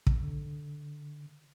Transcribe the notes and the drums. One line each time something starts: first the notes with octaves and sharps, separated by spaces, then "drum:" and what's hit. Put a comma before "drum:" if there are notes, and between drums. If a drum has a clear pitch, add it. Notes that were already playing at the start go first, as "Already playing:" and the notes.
drum: kick
D3